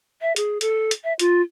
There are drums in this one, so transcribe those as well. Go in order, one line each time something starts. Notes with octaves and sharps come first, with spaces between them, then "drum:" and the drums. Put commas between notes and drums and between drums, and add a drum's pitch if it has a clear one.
E5
G#4, drum: hi-hat
A4, drum: hi-hat
drum: hi-hat
E5
F4, drum: hi-hat